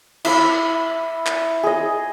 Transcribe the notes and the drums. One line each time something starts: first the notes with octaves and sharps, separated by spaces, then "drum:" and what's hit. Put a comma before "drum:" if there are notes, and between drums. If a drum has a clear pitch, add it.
E4 B5 E6, drum: cymbal
drum: clap
G#4 D#5